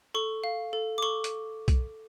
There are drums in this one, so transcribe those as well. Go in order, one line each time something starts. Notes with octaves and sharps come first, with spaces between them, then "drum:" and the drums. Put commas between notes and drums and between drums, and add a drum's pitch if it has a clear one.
A4 C#6
F5
A4
D6
A4 C#6
drum: hi-hat
drum: kick B1, hi-hat